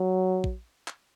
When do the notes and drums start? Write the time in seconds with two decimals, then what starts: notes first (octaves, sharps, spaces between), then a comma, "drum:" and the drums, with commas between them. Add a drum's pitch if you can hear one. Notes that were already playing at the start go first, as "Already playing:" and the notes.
Already playing: F#3
0.44 drum: kick A#1
0.88 drum: clap